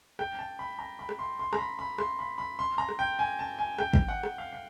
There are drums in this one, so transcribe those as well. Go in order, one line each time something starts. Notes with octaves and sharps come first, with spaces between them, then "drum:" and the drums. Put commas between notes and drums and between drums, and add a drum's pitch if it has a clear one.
G5, drum: rim click
A5
B5
A#5
B5
drum: rim click
C6
C6
A#5, drum: rim click
B5
B5
C6, drum: rim click
B5
B5
C6
A#5
drum: rim click
G5
G#5
A5
G#5
G5, drum: rim click
drum: kick
F#5
drum: rim click
F5
F5